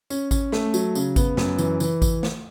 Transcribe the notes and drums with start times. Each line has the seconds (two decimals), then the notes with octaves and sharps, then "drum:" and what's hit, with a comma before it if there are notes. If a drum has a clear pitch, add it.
0.10 C#4, drum: tambourine
0.31 C#4, drum: kick G#1, tambourine
0.52 A3, drum: snare
0.74 F#3, drum: tambourine
0.95 C#3, drum: tambourine
1.16 B3, drum: kick G#1, tambourine
1.37 F#2, drum: snare
1.58 E3, drum: tambourine
1.80 E3, drum: tambourine
2.02 drum: kick G#1, tambourine
2.23 drum: snare